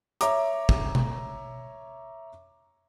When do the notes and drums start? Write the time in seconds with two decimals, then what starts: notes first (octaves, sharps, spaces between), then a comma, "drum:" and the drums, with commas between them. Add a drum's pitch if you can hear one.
0.21 C#5 E5 A#5 D6, drum: hi-hat
0.69 drum: kick
0.95 drum: tom B2